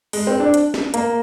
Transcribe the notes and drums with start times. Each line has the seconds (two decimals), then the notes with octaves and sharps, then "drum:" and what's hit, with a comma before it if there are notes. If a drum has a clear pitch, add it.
0.13 G#3, drum: open hi-hat
0.27 C4
0.40 D4
0.54 drum: hi-hat
0.74 drum: snare
0.94 A#3, drum: hi-hat